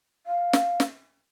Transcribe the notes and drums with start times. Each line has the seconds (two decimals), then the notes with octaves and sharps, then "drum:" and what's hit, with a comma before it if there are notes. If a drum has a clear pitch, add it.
0.27 F5
0.53 drum: snare
0.80 drum: snare